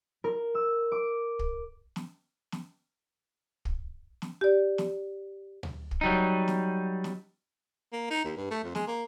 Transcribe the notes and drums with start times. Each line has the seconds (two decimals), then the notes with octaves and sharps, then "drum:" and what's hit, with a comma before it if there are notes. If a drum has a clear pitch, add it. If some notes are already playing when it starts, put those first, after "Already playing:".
0.24 A#4
0.55 E6
0.92 D6
1.39 drum: kick
1.96 drum: snare
2.52 drum: snare
3.65 drum: kick
4.22 drum: snare
4.41 G4 D5
4.78 drum: snare
5.63 drum: tom D2
5.91 drum: kick
6.01 F#3 G3 D#4
6.48 drum: snare
7.04 drum: snare
7.93 A#3
8.10 D#4
8.24 D#2
8.37 G2
8.51 A3
8.64 F2
8.75 G#3, drum: snare
8.87 A#3